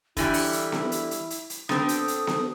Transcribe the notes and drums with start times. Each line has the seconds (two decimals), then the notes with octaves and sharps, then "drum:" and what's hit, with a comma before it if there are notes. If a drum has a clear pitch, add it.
0.17 D3 E3 G3 E4, drum: kick, hi-hat
0.34 drum: open hi-hat
0.53 drum: hi-hat
0.72 drum: snare B3
0.92 drum: hi-hat
1.11 drum: hi-hat
1.30 drum: hi-hat
1.50 drum: hi-hat
1.69 D3 C4 D#6, drum: snare B3
1.89 drum: hi-hat
2.08 drum: hi-hat
2.27 drum: snare B3